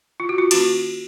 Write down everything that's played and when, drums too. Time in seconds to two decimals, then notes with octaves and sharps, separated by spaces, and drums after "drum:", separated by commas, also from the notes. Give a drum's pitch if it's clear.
0.20 F4
0.29 F#4
0.38 F4
0.51 D#3 A#3 C#4 F#4, drum: cymbal